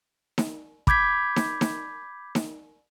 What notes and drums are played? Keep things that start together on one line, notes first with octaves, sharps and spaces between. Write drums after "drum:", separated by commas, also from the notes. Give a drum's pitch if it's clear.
drum: snare D#4
B5 D6 G6 G#6 B6, drum: kick
drum: snare D#4
drum: snare D#4
drum: snare D#4